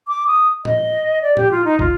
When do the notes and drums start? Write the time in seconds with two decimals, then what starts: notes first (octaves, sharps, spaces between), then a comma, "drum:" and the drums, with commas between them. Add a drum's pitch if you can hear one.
0.08 D6
0.27 D#6
0.65 D#5, drum: tom
1.22 D5
1.37 G4, drum: tom
1.51 F4
1.65 D#4
1.79 F4, drum: kick